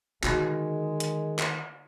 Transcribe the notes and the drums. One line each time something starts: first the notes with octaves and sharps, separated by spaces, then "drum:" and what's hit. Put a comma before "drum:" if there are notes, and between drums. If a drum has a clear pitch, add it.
D3 D#3 G#3 D#4 F#4, drum: clap
drum: hi-hat
drum: clap